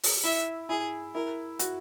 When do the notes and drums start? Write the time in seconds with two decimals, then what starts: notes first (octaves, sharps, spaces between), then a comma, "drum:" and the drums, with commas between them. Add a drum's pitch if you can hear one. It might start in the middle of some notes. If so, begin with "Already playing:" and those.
0.03 drum: open hi-hat
0.24 E4 E5
0.69 E4 G#4
1.14 E4 A#4
1.59 F#4, drum: hi-hat